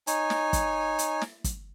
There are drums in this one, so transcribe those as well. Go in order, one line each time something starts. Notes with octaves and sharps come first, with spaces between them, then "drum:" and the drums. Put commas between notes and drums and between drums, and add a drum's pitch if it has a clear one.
D#4 C#5 G#5, drum: hi-hat
drum: snare
drum: kick, hi-hat
drum: hi-hat
drum: snare
drum: kick, hi-hat